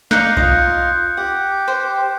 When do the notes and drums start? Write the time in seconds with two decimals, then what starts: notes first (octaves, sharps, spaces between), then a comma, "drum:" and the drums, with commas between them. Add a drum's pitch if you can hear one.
0.11 D#4 D5 F5 F#6 G6 C#7, drum: snare
0.37 F4 D#5, drum: kick B1
1.17 G4 F#5
1.67 C5 G5